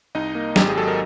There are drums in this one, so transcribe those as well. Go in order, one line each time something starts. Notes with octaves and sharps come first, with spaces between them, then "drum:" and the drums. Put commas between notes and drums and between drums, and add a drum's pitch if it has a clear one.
C2 D#4 D#5
A#3
G#1 G4, drum: snare
G#4
F#3 A4
A#4